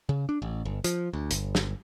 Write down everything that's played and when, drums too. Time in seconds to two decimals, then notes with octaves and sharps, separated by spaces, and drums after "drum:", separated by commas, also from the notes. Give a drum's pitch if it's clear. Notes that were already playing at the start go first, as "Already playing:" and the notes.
0.09 C#3
0.29 D4
0.42 A1
0.65 G1
0.84 F3, drum: hi-hat
1.13 D2
1.31 G1, drum: hi-hat
1.55 drum: snare